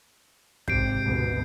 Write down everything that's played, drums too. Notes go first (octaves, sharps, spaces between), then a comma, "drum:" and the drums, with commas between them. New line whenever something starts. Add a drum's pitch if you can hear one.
G#1 C3 G6 C7 D7, drum: kick
G#1 D2 B2